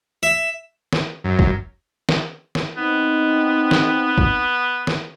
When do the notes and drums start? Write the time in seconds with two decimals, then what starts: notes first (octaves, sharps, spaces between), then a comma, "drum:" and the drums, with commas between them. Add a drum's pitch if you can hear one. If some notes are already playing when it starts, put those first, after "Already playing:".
0.23 E5
0.93 drum: snare
1.24 F#2
1.39 drum: kick
2.09 drum: snare
2.55 drum: snare
2.77 B3 C4 D#4
3.71 drum: snare
4.18 drum: kick
4.87 drum: snare